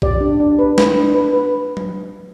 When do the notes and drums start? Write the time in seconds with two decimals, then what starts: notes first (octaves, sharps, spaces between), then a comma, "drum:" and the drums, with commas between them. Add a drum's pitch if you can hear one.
0.02 G4 D5, drum: kick
0.21 D4
0.40 D4
0.59 B4
0.78 B4, drum: snare
0.96 D4
1.14 B4
1.33 B4
1.77 drum: tom F#3